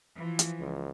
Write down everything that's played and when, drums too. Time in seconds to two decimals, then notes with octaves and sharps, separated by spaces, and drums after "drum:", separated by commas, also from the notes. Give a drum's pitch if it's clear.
0.15 E3 F3
0.39 drum: hi-hat
0.59 C#2